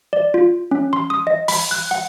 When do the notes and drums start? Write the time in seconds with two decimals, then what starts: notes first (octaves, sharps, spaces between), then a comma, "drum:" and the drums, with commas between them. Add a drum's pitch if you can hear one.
0.13 D5
0.34 F4
0.71 C#4
0.93 C6
1.10 D#6
1.27 D#5
1.48 B5, drum: open hi-hat
1.71 F#6
1.91 F#5